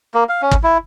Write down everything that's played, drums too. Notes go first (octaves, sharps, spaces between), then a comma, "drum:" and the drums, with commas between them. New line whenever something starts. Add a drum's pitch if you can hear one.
A#3
F5
C#4
drum: kick
E4